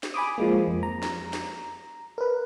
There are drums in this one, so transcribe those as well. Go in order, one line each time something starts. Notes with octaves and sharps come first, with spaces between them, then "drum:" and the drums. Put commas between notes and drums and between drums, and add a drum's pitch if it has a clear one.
drum: snare
G#5 B5 D6 D#6
F3 G#3 A#3
F2
A#5
drum: snare
drum: snare
A#4 B4